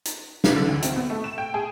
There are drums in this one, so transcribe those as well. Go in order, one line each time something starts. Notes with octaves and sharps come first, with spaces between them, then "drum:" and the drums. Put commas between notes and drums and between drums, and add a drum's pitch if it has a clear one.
drum: hi-hat
drum: snare
D3
D2
C4, drum: hi-hat
B3
A3
E7
G5
G#4